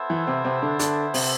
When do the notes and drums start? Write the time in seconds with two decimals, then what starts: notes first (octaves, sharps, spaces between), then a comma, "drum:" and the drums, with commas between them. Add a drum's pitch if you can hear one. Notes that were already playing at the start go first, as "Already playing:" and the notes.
Already playing: B3 E4 A4 C5 E5
0.10 E3
0.27 C3 C4
0.45 C3 C4
0.62 D3 D4
0.79 D3 D4, drum: hi-hat
1.14 C3 C4, drum: open hi-hat